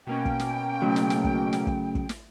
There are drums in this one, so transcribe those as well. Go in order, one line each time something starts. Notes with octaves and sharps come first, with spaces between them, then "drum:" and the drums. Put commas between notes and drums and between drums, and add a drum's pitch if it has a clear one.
B2 A#3 C#4 G5
drum: kick
drum: snare
C#3 F#3 A3
drum: snare
drum: snare
drum: kick
drum: snare
drum: kick
drum: kick
drum: snare